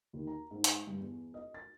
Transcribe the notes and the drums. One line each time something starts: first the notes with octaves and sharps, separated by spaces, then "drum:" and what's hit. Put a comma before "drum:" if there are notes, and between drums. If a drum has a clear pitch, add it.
D#2
A#5
G#2
drum: hi-hat
G2
E2
D#5
A6